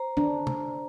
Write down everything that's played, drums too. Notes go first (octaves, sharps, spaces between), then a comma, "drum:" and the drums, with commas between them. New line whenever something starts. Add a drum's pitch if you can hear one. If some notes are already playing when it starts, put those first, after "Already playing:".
Already playing: C5 A#5
D4 A#5, drum: tom D#3
drum: tom